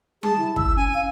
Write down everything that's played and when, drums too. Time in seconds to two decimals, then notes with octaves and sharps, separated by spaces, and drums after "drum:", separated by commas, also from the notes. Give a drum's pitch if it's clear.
0.23 G#4 A5, drum: tom G3
0.38 E4
0.56 E6, drum: kick
0.76 C#4 G#5
0.94 F5